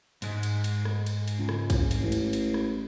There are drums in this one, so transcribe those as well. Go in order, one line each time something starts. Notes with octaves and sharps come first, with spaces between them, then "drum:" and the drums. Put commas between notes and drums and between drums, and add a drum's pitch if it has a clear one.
G#2 G#3, drum: cymbal
drum: cymbal
drum: cymbal
drum: rim click
drum: cymbal
drum: cymbal
C#2
drum: rim click
drum: kick A#1, cymbal
drum: cymbal
A1
drum: cymbal
drum: cymbal
drum: rim click